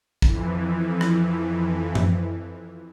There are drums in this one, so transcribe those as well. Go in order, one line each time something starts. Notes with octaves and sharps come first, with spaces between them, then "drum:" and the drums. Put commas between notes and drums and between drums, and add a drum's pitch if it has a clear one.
F2 E3, drum: kick
drum: rim click
drum: tom F#2